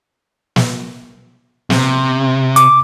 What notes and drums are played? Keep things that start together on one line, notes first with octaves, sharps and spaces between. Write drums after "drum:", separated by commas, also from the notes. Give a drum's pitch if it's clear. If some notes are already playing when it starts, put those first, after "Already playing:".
drum: snare
C3, drum: snare
D6, drum: hi-hat